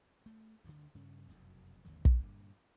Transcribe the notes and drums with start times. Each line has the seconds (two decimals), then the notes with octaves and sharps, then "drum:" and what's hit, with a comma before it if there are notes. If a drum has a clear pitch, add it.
0.26 A3
0.64 D2 G2 D3
0.95 G2 C#3 C#4
1.29 F1 B1 F#2
1.85 G#1 D#2 D3 F#3
2.05 G2 A#2 D3, drum: kick